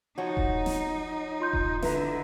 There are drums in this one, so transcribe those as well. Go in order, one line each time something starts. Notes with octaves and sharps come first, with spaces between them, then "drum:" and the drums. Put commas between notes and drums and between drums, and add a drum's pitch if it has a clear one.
F3 D#4 F#4 C#5
drum: kick E1
drum: snare
F4 C6 G6
drum: kick E1
D3 E4 B4 D#5 A#5, drum: snare